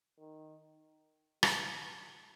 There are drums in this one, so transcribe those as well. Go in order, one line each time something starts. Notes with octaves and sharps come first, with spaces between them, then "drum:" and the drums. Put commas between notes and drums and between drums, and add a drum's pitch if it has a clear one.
D#3
G3, drum: rim click